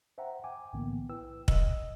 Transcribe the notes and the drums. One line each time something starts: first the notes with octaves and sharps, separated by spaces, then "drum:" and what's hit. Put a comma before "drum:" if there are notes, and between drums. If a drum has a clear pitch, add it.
C5 E5 F#5 G5 A#5
G5 G#5 D6
B1 A2 D3 E3 A#3 B3
E4 B4 G5 E6
D#5 E6, drum: kick